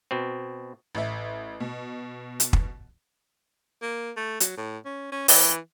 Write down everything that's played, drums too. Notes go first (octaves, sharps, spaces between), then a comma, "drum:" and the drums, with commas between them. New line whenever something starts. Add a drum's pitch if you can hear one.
B2 C4
A1 E5
B2
drum: hi-hat
drum: kick
A#3
A3
F#3, drum: hi-hat
A2
C#4
C#4
E3, drum: open hi-hat